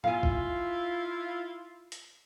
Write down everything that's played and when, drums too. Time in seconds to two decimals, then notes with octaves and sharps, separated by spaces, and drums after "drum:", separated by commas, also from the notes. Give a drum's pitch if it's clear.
0.04 E4 F4 F5 G#5, drum: tom
0.23 drum: kick
1.92 drum: hi-hat